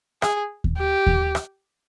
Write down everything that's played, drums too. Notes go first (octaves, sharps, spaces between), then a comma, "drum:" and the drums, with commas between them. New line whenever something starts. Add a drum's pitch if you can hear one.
G#4, drum: rim click
drum: kick D#2
G4
drum: kick D#2
drum: rim click